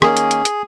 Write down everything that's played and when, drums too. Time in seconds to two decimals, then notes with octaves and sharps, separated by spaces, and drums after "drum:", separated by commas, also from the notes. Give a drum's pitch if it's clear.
0.02 D#3 A#3 C#4 G#4, drum: rim click
0.17 drum: hi-hat
0.31 drum: hi-hat
0.45 drum: hi-hat